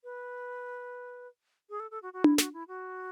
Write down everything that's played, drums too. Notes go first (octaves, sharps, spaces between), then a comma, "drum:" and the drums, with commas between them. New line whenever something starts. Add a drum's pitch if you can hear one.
B4
G#4
A4
A4
F#4
F#4
E4, drum: tom D4
F#4, drum: snare
E4
F#4